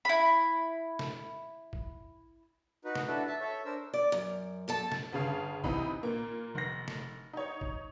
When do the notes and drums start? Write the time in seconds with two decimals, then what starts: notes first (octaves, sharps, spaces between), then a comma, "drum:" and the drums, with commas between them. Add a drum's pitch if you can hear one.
0.05 E4 B5
0.99 drum: snare
1.73 drum: kick
2.85 D#4 F#4 B4
2.95 drum: snare
3.08 D4 E4 F#4 A4 B4
3.27 E5 A5
3.41 A4 C#5 E5
3.65 D4 A#4 C5 E6
3.94 D5
4.12 F#2
4.68 F#2 A4 A5
4.92 drum: snare
5.12 G1 C#3 F5 A5
5.64 C3 E3 D#4 B5, drum: kick
6.03 A#2 A#3
6.55 F1 A#6
6.88 drum: snare
7.33 D#4 C#5
7.61 drum: kick